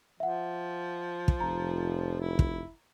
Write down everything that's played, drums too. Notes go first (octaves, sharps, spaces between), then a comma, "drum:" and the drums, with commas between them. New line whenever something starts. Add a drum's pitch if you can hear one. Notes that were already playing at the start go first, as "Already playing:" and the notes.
F3 E5 F#5
drum: kick
F1 A#5
E4
drum: kick